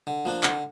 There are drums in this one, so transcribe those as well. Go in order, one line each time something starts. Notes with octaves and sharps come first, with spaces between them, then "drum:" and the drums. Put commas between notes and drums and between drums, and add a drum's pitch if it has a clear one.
D3
F3 A#3 D4
D3, drum: clap